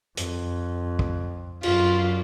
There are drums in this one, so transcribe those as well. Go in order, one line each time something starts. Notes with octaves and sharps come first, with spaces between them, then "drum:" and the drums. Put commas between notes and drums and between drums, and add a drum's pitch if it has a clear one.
F2, drum: hi-hat
drum: kick
F#2 F4, drum: cymbal